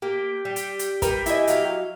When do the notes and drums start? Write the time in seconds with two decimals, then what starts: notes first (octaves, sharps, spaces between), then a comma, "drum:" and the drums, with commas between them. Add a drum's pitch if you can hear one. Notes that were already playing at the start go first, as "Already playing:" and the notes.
0.02 A#3 G4
0.45 G3
0.56 drum: hi-hat
0.79 drum: hi-hat
1.02 G3 A#4 B4, drum: kick, hi-hat
1.26 E4 D#5 E5 G#5, drum: hi-hat
1.47 F#3 F5, drum: hi-hat